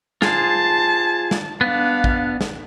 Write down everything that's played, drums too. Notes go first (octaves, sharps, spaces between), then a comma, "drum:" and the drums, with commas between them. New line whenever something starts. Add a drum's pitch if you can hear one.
F4 G#4 C5 A5, drum: snare
drum: snare
B3 D4 F5
drum: kick A1
drum: snare